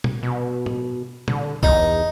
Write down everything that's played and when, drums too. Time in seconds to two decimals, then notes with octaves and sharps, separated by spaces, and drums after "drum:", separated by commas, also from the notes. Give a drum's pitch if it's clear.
0.04 drum: tom A#2
0.23 B2
0.66 drum: tom A2
1.28 D3, drum: tom A#2
1.63 E2 D#4, drum: kick